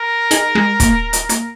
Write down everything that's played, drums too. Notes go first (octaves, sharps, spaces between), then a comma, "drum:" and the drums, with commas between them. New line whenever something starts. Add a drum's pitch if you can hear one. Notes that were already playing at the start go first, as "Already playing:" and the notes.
Already playing: A#4
D#4 G#4, drum: hi-hat
G#3
A#3, drum: kick, hi-hat
drum: hi-hat
A#3, drum: hi-hat